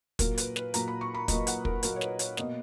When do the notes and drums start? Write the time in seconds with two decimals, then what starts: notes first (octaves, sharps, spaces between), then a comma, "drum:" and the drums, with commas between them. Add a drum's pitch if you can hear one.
0.19 A#2 F#3 A#3 A#4, drum: kick, hi-hat
0.38 B4, drum: hi-hat
0.56 B4, drum: snare
0.74 A#2 F#3 A#3 A#5, drum: hi-hat
0.88 B5
1.01 C#6
1.15 B5
1.28 A#2 F#3 A#3 D#5, drum: kick, hi-hat
1.47 F#5, drum: hi-hat
1.65 A#4, drum: kick
1.83 A#2 F#3 A#3 A#4, drum: hi-hat
1.96 C#5
2.01 B4, drum: snare
2.19 C#5, drum: hi-hat
2.37 B2 A#3 D#5, drum: snare